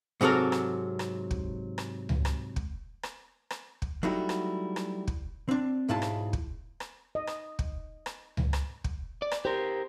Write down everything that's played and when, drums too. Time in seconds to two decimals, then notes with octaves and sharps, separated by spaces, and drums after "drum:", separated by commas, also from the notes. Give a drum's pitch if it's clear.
0.21 G#2 C3 F#3 A4 A#4
0.52 drum: rim click
0.99 drum: rim click
1.31 drum: kick
1.78 drum: rim click
2.09 drum: tom C#2
2.25 drum: rim click
2.56 drum: kick
3.03 drum: rim click
3.50 drum: rim click
3.82 drum: kick
4.03 F#3 G3 A3 D#4 E4 F#4
4.29 drum: rim click
4.76 drum: rim click
5.07 drum: kick
5.49 C4 D4
5.89 B1 G#2 G#3 E4 F4 A5
6.02 drum: rim click
6.33 drum: kick
6.80 drum: rim click
7.15 D#5
7.27 drum: rim click
7.59 drum: kick
8.06 drum: rim click
8.37 drum: tom C#2
8.53 drum: rim click
8.84 drum: kick
9.22 D5
9.31 drum: rim click
9.45 G4 A#4 C5